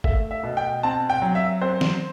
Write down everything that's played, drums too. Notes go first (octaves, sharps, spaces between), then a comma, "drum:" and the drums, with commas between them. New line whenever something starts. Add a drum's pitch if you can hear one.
A3 E5, drum: kick G#1
E5
B2
G5
C4 A5
G5
F#3
E5
C4 C5
drum: snare